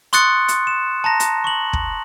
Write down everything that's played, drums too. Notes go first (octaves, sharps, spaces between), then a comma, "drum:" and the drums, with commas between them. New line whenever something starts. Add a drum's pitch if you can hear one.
C6 C#6 D#6 F#6 A6 C#7, drum: hi-hat
drum: hi-hat
E7
A5 A#5 A#6
drum: hi-hat
C#6 F#7
drum: kick